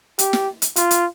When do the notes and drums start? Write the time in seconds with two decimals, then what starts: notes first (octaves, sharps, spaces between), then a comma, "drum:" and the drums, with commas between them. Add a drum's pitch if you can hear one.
0.19 G4, drum: hi-hat
0.33 drum: snare
0.62 drum: hi-hat
0.76 F4, drum: hi-hat
0.91 drum: hi-hat